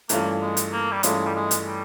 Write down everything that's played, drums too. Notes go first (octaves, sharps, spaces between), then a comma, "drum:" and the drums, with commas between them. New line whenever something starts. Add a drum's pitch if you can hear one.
G2 E3 A3 A#3 C#4 F4, drum: hi-hat
G#3
drum: hi-hat
A#3
G3
G2 E3 G#3 A3 C#4 F4, drum: hi-hat
G3
G#3
drum: hi-hat
G3